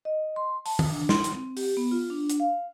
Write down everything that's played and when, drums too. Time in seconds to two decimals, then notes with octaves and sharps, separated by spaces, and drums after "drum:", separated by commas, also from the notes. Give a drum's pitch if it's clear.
0.05 D#5
0.36 C6
0.66 A5, drum: open hi-hat
0.79 drum: tom
0.91 D4
1.09 C6, drum: snare
1.24 drum: hi-hat
1.34 C4
1.57 G4, drum: open hi-hat
1.77 B3
1.91 F4
2.10 D4
2.30 drum: hi-hat
2.40 F5